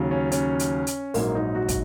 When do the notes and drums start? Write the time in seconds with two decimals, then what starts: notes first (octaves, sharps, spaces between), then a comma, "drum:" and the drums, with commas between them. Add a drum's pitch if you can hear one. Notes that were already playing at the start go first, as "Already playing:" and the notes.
Already playing: D#2 C#3 F#3
0.11 C#4
0.32 C#4, drum: hi-hat
0.59 drum: hi-hat
0.87 drum: hi-hat
1.14 A#1 G#2 F#3 A#3, drum: open hi-hat
1.35 D#4
1.55 F#4
1.69 drum: kick, hi-hat